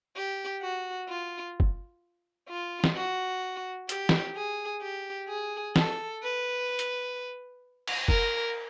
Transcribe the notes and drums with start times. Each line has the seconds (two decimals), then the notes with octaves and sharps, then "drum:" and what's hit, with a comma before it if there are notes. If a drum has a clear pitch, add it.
0.16 G4
0.62 F#4
1.09 F4
1.60 drum: kick
2.49 F4
2.84 drum: snare
2.96 F#4
3.89 G4, drum: hi-hat
4.09 drum: snare
4.35 G#4
4.82 G4
5.28 G#4
5.76 A4, drum: snare
6.23 B4
6.79 drum: hi-hat
7.88 drum: cymbal
8.08 A#4, drum: kick